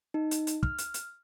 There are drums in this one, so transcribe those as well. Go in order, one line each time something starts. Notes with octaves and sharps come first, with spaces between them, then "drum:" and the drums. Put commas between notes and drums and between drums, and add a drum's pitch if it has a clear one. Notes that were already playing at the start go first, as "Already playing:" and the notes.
D#4
drum: hi-hat
drum: hi-hat
F6, drum: kick
drum: hi-hat
drum: hi-hat